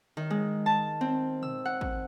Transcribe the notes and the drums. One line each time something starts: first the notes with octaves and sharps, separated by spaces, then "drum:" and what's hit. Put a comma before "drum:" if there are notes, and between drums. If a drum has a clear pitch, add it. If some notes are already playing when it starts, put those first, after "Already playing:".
D#3
G#3
A5
C4
E6, drum: tom A#2
F#5
drum: kick G#1